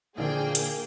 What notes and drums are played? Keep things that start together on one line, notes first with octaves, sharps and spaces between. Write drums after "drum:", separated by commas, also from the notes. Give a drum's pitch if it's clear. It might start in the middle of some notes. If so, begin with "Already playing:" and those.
A#1 D3 A#3 G#4 G5
drum: hi-hat